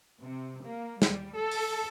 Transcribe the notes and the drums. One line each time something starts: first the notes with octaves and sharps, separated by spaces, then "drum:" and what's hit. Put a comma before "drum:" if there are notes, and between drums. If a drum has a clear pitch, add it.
C3
A#3
G3, drum: snare
A4
drum: open hi-hat